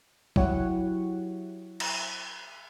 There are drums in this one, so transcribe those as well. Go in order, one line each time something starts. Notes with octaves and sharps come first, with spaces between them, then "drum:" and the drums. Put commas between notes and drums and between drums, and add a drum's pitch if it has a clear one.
F#3 E4 G4 C#5 F#5, drum: kick
drum: cymbal